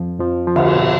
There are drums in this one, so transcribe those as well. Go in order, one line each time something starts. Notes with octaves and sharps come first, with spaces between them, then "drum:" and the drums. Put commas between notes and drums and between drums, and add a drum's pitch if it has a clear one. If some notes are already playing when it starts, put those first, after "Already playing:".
Already playing: F2 F3
F2 F3
F3
D2 D3, drum: cymbal
B2